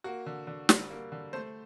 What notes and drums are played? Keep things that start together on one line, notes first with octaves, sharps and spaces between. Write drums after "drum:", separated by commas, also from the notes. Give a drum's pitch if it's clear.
A#3 F#4
D3
D3
G3, drum: snare
A#3
D3
A3 C5